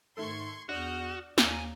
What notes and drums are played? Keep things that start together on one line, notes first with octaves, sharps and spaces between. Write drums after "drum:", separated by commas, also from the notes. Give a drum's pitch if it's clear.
G#2 D#3 A3 A4 C6 C#6 G#6
E2 D4 F#4 D#6 F6 G6
D#2 D5 G#5 A#5, drum: snare